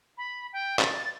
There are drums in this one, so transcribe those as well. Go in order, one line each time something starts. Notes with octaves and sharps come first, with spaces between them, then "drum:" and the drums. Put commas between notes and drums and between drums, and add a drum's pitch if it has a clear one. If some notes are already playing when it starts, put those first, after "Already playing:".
B5
G5
A6, drum: clap